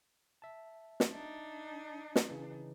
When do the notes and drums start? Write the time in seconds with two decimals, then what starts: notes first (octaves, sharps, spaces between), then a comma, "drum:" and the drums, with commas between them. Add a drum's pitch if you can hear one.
0.42 E5 A5
1.00 drum: snare
1.10 D4 D#4
2.16 drum: snare
2.29 C#3 E3